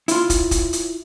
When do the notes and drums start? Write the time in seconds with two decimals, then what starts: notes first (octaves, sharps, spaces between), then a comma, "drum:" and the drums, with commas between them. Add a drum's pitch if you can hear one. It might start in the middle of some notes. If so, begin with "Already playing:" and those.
0.08 E4 F4, drum: hi-hat
0.30 drum: kick, hi-hat
0.51 drum: kick, hi-hat
0.73 drum: hi-hat